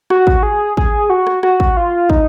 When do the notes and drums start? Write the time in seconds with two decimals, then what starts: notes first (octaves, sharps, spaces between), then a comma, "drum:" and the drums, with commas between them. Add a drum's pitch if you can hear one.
0.10 F#4, drum: rim click
0.27 drum: kick
0.43 G#4
0.77 G#4, drum: kick
1.10 F#4
1.27 drum: rim click
1.43 F#4, drum: rim click
1.60 drum: kick
1.77 F4
2.10 D#4, drum: kick